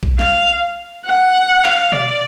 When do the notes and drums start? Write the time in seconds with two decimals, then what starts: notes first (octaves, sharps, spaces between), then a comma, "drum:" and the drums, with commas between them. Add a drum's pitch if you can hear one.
0.03 drum: kick A#1
0.19 F5, drum: snare
1.06 F#5
1.64 F5, drum: clap
1.92 D5, drum: tom B2